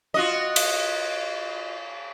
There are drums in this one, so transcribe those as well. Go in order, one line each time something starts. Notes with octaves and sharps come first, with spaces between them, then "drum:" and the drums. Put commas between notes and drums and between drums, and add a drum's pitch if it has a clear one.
F4 F#4 D#5
drum: cymbal